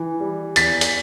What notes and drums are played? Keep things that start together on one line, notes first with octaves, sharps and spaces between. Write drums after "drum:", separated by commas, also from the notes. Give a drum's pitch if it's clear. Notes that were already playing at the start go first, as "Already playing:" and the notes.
Already playing: E3
G3
E2 A6 B6, drum: hi-hat
drum: hi-hat